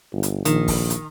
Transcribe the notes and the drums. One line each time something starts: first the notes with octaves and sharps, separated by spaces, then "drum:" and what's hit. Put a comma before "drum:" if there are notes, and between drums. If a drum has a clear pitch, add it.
G1
drum: hi-hat
A#1 D#3, drum: hi-hat
drum: kick, open hi-hat
drum: hi-hat